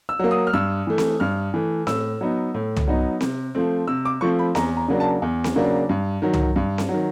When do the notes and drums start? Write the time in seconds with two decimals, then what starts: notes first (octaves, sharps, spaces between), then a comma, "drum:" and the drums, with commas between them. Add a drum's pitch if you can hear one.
0.09 E6
0.19 F#3 A#3
0.31 D#6
0.47 F6
0.53 G2 E6
0.87 E3 A3
0.98 drum: snare C4
1.20 G2 F6
1.54 E3 A3
1.87 A2 E6, drum: snare C4
2.21 F#3 B3 D#4
2.54 A2
2.77 drum: tom
2.88 F#3 B3 D#4
3.21 C3, drum: snare C4
3.55 F3 A3 C4
3.87 C3 E6
4.05 D6
4.21 F3 A3 C4 C#6
4.39 B5
4.55 E2 A#5, drum: snare C4
4.77 A#5
4.88 C#3 F#3 A#3 D4
5.00 A5
5.22 E2
5.44 drum: snare C4
5.56 C#3 F#3 A#3 D4
5.89 G2
6.22 D#3 F#3
6.34 drum: tom
6.56 G2
6.78 drum: snare C4
6.89 D#3 F#3